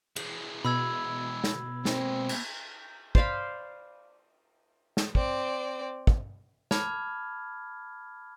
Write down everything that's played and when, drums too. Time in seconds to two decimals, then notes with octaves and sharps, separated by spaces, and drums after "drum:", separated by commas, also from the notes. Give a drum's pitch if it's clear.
0.16 E3 G#3, drum: cymbal
0.65 B2 B5 E6 G#6
1.44 drum: snare
1.85 G#3 A#3 C4, drum: snare
2.29 drum: cymbal
3.15 C5 D5 F5 B5, drum: kick
4.97 drum: snare
5.15 C4 D5, drum: kick
6.07 drum: kick
6.71 A5 B5 D6 F6 G#6, drum: snare